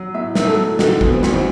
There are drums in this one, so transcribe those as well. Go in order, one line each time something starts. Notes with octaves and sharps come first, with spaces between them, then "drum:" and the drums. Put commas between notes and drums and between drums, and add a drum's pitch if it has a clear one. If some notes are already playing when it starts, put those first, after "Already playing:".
Already playing: F#3
A2 E5
F#3, drum: snare
A4
A2
D3 F#4, drum: snare
D2 B3, drum: kick
C4
D2, drum: snare
C4